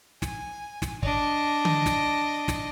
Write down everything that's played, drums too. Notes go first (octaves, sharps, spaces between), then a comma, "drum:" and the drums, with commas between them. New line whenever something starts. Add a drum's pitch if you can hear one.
G#5, drum: snare
drum: snare
D4 D#5, drum: kick
drum: tom D3
drum: snare
drum: snare